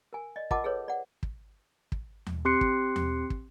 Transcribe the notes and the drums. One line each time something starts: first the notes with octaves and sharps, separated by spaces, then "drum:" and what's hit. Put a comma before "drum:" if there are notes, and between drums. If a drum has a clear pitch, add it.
A#4 G#5
D5 D#5
F4 A#4 D#5 F#5 A5 D6, drum: kick
G#4 A4 B4 C#5
D5 F#5
drum: kick
drum: kick
drum: tom D#2
C4 G4 C6 F#6 C7 C#7
drum: kick
drum: tom D#2
drum: kick